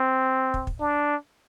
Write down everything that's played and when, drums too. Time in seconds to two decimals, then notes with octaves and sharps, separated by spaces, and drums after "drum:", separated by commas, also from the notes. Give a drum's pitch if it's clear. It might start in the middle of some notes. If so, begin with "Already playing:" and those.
Already playing: C4
0.54 drum: kick
0.67 drum: kick
0.80 D4